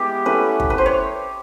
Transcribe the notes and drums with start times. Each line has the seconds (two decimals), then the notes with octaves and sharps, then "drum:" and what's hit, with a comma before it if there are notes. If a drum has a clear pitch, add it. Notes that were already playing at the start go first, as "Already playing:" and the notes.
Already playing: G#3 B3 E4 G4
0.26 A3 C#4 E4 B4
0.60 drum: kick
0.70 B4
0.78 C5
0.86 C#5